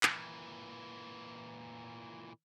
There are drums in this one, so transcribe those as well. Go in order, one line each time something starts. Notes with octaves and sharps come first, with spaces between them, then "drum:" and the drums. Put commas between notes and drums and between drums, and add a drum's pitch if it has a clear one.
A#2 E3, drum: clap